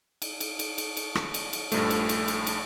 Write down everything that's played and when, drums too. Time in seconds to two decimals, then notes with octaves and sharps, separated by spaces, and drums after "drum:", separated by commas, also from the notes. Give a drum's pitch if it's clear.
0.22 drum: cymbal
0.40 drum: cymbal
0.59 drum: cymbal
0.78 drum: cymbal
0.97 drum: cymbal
1.15 drum: rim click
1.34 drum: cymbal
1.53 drum: cymbal
1.72 A#1 G2 F3 A3, drum: cymbal
1.90 drum: cymbal
2.09 drum: cymbal
2.28 drum: cymbal
2.47 drum: cymbal